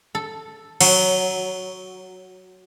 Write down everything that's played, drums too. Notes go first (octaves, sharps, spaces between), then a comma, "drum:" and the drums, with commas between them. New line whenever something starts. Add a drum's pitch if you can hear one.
A4
F#3, drum: cymbal